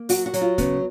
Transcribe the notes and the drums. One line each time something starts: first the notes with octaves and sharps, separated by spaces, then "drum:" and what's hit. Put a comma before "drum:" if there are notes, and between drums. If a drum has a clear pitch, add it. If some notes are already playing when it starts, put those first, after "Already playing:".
Already playing: A#3
F#3 F#4, drum: open hi-hat
F#4
F#3, drum: hi-hat
F4
C#3 B3, drum: kick, hi-hat